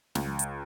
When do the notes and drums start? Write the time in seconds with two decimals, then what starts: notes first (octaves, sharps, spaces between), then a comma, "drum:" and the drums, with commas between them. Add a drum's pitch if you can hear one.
0.15 C#2, drum: snare
0.39 drum: hi-hat